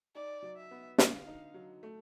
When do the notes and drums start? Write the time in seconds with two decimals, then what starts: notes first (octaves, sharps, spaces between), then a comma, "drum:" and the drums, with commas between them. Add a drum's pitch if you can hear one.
0.15 D#4 D5
0.42 F#3
0.57 E5
0.71 B3
0.98 D3 F5, drum: snare
1.27 D#4
1.54 F#3
1.83 A3